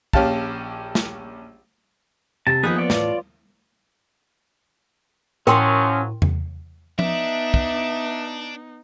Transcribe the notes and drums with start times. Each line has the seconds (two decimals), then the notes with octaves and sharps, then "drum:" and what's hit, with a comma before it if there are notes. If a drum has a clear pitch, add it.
0.13 A#1 C#4 G4 F5 A5, drum: kick
0.95 drum: snare
2.47 C3 A5
2.63 F3 A#3 B3 D#4 G#4 B4
2.78 F4 C#5 D5
2.90 A2, drum: snare
5.47 A2 F3 F#3 C#4 A#4 G5 C6, drum: hi-hat
6.22 drum: tom E2
6.99 B3 D4 D#4 E5, drum: tom F3
7.54 drum: kick